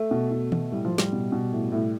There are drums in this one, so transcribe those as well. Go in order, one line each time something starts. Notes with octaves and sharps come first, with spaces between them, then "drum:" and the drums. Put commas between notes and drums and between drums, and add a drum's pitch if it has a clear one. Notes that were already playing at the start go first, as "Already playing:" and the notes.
Already playing: A3
B2
B2
B2, drum: tom D#3
A2 G3
F3
A2
G3, drum: snare
B2
B2
A2
A2